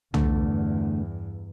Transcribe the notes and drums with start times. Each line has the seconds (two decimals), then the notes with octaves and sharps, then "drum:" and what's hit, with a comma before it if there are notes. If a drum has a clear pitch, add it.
0.14 E2 G2 D3 A3, drum: tom